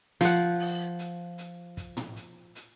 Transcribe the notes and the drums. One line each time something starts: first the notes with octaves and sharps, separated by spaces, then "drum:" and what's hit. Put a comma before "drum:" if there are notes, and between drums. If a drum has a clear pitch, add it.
F3 F#5, drum: snare
drum: open hi-hat
drum: hi-hat
drum: hi-hat
drum: kick, hi-hat
drum: tom
drum: hi-hat
drum: hi-hat